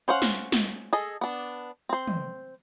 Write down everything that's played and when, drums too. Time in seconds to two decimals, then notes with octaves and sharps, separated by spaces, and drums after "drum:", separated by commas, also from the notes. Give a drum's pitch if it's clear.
0.08 C#4 C5 F5 F#5
0.22 drum: snare
0.52 drum: snare
0.93 G#4 A4 D#5
1.21 B3 D4
1.89 C4 C5
2.08 drum: tom